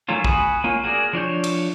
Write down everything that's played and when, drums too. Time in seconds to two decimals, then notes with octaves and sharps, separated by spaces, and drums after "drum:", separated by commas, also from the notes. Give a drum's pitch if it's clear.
0.09 D#3 F#3 A3 C#4 F4
0.24 F#4 G#5 B5 D#6, drum: kick
0.64 A#3 C#4 F4
0.84 F#4 G#4 A#4 D5
1.13 F3 D4 C#5 G6
1.44 drum: cymbal